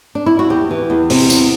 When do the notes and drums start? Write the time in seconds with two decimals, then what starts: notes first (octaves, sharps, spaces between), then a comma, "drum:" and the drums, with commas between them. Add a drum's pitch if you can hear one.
0.15 D4
0.26 E4
0.39 F#4
0.50 E2 G4
0.71 E3
0.90 E2
1.10 C3, drum: open hi-hat
1.30 E2, drum: tambourine